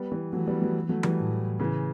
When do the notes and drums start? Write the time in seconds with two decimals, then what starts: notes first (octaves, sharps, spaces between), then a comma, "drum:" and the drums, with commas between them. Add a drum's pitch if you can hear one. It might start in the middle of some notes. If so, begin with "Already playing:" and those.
Already playing: G3 B3
0.12 E3 G3
0.33 E3 F#3 A3
0.47 G3 B3
0.62 F#3 A3
0.89 F#3 A3
1.03 E3 G3, drum: tom E3
1.18 A2
1.60 C#3 E3